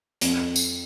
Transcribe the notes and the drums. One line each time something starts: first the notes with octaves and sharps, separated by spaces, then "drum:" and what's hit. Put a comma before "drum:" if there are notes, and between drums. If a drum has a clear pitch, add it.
F2, drum: hi-hat
drum: tambourine